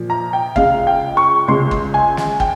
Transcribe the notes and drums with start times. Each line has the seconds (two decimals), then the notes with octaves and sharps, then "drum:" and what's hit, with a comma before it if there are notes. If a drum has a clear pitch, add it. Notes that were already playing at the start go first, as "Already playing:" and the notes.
Already playing: A#2 F3
0.10 A#5
0.33 G5
0.56 C#2 C#3 G#3 F5, drum: kick
0.87 G5
1.17 C#6
1.48 C#2 C#3 G#3 C6
1.71 drum: kick
1.94 G#5
2.17 drum: snare
2.40 G5, drum: kick